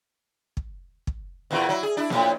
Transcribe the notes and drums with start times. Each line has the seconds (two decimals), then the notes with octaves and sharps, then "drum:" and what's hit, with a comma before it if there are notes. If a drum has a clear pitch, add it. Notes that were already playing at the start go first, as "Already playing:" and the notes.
0.57 drum: kick
1.07 drum: kick
1.51 E2 A#2 E3
1.69 F#3 E4
1.83 G#4
1.97 D4 E4
2.10 F2 A2, drum: snare A#3